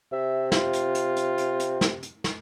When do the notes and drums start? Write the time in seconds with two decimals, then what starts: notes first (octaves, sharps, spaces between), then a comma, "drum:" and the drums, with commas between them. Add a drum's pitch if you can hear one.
0.12 C3 E5
0.52 F4, drum: snare
0.73 drum: hi-hat
0.95 drum: hi-hat
1.16 drum: hi-hat
1.38 drum: hi-hat
1.60 drum: hi-hat
1.81 drum: snare
2.03 drum: hi-hat
2.24 drum: snare